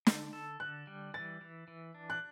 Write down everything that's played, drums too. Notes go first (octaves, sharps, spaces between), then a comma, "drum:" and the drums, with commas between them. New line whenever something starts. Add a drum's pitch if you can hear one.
D3 E6, drum: snare
A4
D3 F#6
G3
E3 A6
E3
E3
D4
F#6